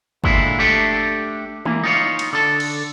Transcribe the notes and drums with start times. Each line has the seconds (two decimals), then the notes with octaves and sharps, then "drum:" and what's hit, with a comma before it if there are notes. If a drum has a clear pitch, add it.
0.24 A#2 D3 G#3 E4, drum: kick
0.59 A3 D4 G4 A4
1.65 E3 A#3, drum: tom
1.83 D#4 F4 C#5
2.19 drum: cymbal
2.33 D3 A4
2.60 drum: cymbal